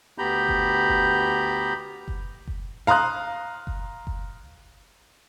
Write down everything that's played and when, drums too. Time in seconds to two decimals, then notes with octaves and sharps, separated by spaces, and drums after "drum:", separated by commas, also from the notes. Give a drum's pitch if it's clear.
0.18 D2 B3 G4 A#5 B5 G6
0.48 drum: kick F#1
0.88 drum: kick F#1
2.08 drum: kick F#1
2.47 drum: kick F#1
2.87 F5 A#5 C6 D#6 F#6
3.67 drum: kick F#1
4.07 drum: kick F#1